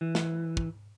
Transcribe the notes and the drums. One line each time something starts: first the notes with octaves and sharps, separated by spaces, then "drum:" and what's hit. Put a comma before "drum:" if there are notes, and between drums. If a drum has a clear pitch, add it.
E3
drum: snare
drum: kick